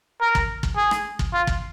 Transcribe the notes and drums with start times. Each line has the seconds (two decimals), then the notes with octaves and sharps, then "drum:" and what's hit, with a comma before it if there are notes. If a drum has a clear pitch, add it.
0.21 A#4
0.35 drum: kick
0.63 drum: kick
0.77 G#4
0.91 drum: rim click
1.19 drum: kick
1.33 F4
1.47 drum: kick